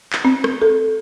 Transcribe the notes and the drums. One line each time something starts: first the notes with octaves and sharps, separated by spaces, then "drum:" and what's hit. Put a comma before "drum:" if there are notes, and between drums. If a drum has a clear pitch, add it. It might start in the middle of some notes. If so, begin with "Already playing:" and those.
drum: clap
C4
drum: rim click
A4